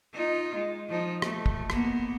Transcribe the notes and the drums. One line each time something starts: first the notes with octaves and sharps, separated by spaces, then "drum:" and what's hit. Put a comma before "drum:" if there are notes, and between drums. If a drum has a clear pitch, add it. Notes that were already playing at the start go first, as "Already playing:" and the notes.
D#4 F4
G#3
F3 D#4
A3, drum: rim click
drum: kick
A#3 B3, drum: rim click